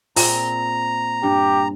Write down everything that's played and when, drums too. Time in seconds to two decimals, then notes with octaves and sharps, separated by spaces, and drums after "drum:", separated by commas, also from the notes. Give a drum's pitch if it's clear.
0.16 A#2 C4 G#4 A#5, drum: open hi-hat
1.23 G2 G4